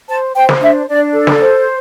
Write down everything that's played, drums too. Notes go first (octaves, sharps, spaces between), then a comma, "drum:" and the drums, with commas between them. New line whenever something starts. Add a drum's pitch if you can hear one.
C5 A5
C5 G5
drum: snare
D4 E5
D4 D5
A4
drum: snare
C5